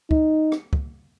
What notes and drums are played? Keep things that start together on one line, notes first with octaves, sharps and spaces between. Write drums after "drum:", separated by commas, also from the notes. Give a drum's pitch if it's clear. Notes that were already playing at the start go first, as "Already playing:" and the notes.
D#4, drum: kick
drum: rim click
drum: kick